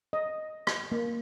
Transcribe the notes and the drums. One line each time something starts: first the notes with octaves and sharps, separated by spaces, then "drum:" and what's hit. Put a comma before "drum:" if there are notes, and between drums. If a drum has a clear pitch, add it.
D#5
drum: rim click
A#3